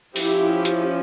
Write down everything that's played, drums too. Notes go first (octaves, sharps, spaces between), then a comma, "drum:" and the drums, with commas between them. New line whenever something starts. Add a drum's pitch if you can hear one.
F3 C#4 E4 G4, drum: open hi-hat
drum: hi-hat